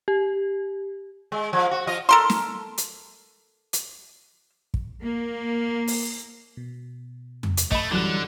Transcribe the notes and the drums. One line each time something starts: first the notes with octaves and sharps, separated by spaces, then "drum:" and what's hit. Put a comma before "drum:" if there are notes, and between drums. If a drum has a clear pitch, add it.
G4
G#3
F3
F#4
F3 F4 D#5
A4 A#4 C6
drum: snare
drum: hi-hat
drum: hi-hat
drum: kick
A#3
drum: open hi-hat
B2
drum: tom F2
drum: hi-hat
A3 D#5 B5, drum: kick
F#2 D3 E3 F#3 G3 F#6